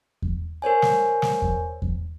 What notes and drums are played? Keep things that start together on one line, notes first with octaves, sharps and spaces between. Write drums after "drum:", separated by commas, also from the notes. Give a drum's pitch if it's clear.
drum: kick E2
A#4 C5 C#5 G#5
drum: snare
drum: snare
drum: kick E2
drum: kick E2